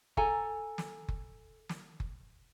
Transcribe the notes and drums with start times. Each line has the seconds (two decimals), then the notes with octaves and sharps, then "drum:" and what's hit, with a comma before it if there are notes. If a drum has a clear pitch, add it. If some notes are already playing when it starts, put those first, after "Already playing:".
0.17 A4 G#5 A#5, drum: kick F#1
0.78 drum: snare
1.08 drum: kick F#1
1.69 drum: snare
2.00 drum: kick F#1